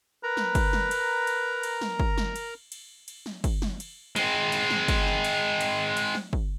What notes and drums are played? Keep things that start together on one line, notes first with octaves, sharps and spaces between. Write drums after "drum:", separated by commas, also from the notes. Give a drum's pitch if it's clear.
A#4 B4 A#5
drum: snare
drum: kick, cymbal
drum: snare
drum: cymbal
drum: cymbal
drum: cymbal
drum: snare
drum: kick
drum: snare
drum: cymbal
drum: cymbal
drum: cymbal
drum: snare
drum: kick, cymbal
drum: snare
drum: cymbal
G#3 C4, drum: cymbal
drum: cymbal
drum: snare
drum: kick, cymbal
drum: snare
drum: cymbal
drum: cymbal
drum: cymbal
drum: snare
drum: kick